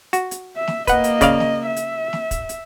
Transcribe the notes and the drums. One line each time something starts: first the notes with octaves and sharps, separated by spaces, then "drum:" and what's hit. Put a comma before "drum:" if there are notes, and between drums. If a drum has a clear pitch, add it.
F#4, drum: hi-hat
drum: hi-hat
E5
drum: snare
A#3 B4 D#5 F#5, drum: kick, hi-hat
drum: hi-hat
C#3 D5 F5, drum: kick, hi-hat
drum: snare
E5
drum: hi-hat
drum: snare
drum: kick, hi-hat
drum: hi-hat